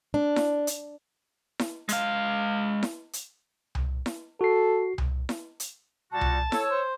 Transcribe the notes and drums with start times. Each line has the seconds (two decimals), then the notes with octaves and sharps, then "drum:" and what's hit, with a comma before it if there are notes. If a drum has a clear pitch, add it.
0.14 D4
0.36 drum: snare E4
0.67 drum: hi-hat
1.59 drum: snare E4
1.89 G#3 F5, drum: hi-hat
2.83 drum: snare E4
3.13 drum: hi-hat
3.75 drum: tom C2
4.06 drum: snare E4
4.41 F#4 A4 C7
4.98 drum: tom C2
5.29 drum: snare E4
5.60 drum: hi-hat
6.12 A#2 G3 F#4 A5
6.21 drum: tom C2
6.52 A4 C#5 E6, drum: snare E4
6.71 C5